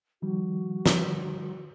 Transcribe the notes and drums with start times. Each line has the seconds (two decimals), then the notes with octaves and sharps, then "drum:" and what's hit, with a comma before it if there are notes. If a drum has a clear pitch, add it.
0.22 D#3 F3 G3 F#4
0.86 drum: snare